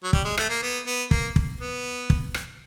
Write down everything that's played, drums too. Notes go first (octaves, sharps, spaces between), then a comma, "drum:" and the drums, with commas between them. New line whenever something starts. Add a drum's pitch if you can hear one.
F#3
G3, drum: kick
G#3
A3, drum: rim click
A#3
B3
B3
A#3, drum: kick
drum: kick
B3
drum: kick
drum: rim click